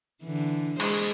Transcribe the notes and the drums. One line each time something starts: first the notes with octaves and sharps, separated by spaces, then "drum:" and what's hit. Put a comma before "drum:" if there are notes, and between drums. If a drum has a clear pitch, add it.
D3 E3
G#3 C5, drum: cymbal